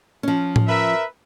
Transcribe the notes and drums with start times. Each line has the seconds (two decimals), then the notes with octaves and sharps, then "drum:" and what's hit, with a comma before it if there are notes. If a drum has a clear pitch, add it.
0.23 F3 C#4
0.56 drum: tom A2
0.67 A#4 B4 E5